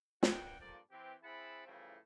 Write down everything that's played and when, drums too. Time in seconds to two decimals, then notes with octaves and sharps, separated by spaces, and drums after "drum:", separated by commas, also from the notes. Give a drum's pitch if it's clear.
0.23 A#3 B3 D4 F#4 G5, drum: snare
0.60 G2 A#2 D3 F3 D5
0.91 E3 C4 G4
1.23 C4 E4 G#4 F#5 A5 B5
1.66 A2 C#3 E3 F3 G3 A3